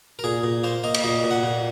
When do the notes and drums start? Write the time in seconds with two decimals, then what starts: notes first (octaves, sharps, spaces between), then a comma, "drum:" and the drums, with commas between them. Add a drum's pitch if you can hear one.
0.19 A#4
0.24 A#2 G#4
0.44 A#2
0.64 A#3 C5
0.84 A#3 D#5
0.94 drum: cymbal
1.04 A#2 D#5
1.24 A#2
1.31 F#5
1.44 A#2